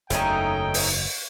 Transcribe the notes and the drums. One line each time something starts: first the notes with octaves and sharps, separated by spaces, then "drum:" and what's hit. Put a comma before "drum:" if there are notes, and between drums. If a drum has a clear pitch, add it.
F#1 E2 A3 C#4 D#4 G5, drum: hi-hat
drum: open hi-hat